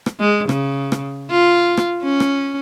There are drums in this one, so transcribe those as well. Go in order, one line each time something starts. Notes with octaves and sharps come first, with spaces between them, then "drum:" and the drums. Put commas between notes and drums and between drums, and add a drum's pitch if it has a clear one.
drum: rim click
G#3
C#3, drum: rim click
drum: rim click
F4
drum: rim click
C#4
drum: rim click